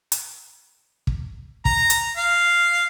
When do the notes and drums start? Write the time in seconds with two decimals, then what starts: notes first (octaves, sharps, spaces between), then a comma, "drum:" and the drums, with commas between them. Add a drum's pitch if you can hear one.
0.12 drum: hi-hat
1.07 drum: kick
1.65 A#5, drum: kick
1.90 drum: hi-hat
2.17 F5